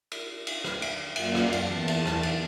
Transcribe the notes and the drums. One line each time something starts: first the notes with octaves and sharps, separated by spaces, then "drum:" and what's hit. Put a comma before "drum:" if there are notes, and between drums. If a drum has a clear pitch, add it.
drum: cymbal
drum: cymbal
drum: rim click
drum: cymbal
F#2 A#3 F4 D5 F5 F#5, drum: cymbal
drum: rim click
E2 A5, drum: cymbal
drum: cymbal
drum: rim click
drum: cymbal